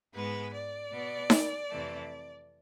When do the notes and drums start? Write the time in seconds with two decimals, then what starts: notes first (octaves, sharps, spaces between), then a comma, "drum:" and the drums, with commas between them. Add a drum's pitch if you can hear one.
0.13 G#2 G#3 B3 B4
0.53 D5
0.92 B2 B3
1.30 drum: snare D#4
1.70 F2 C3 E3 A3